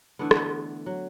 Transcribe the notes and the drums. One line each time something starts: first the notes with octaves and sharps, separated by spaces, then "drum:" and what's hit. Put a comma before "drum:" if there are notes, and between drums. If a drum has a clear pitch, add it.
D3 E3 A3 B3
drum: rim click
F#3